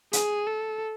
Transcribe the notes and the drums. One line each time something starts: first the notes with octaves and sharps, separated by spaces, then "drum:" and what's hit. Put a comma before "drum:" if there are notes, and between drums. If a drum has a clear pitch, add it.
G#4, drum: hi-hat
A4